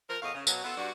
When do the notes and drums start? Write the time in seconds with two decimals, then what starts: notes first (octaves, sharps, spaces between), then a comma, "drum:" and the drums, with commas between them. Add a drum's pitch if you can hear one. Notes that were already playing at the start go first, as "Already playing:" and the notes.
0.09 F3 A#4
0.22 E2 A2 C#5 D#5 F5
0.35 C#3
0.47 B2 F#3, drum: tambourine
0.64 B3 E4 F4 A4 B4
0.77 G2 G3 D4 F#4